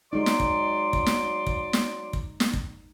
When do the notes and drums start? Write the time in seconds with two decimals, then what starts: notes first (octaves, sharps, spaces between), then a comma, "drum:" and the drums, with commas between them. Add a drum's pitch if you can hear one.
0.13 F#3 G#3 D#4 D5 C6
0.26 drum: snare
0.40 drum: kick
0.93 drum: kick
1.06 drum: snare
1.47 drum: kick
1.73 drum: snare
2.13 drum: kick
2.40 drum: snare
2.53 drum: kick